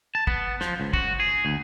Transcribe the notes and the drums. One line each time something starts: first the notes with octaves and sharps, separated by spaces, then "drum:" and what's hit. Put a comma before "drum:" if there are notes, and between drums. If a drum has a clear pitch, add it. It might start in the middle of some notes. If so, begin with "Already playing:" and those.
A5
B3, drum: kick
F3, drum: snare
C#2
F#4, drum: kick
G#4
D2